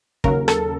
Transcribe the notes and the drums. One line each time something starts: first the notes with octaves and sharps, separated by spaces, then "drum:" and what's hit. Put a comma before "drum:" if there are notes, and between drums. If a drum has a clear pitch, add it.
D#2 C#3 F#3 A#4, drum: kick
A4, drum: rim click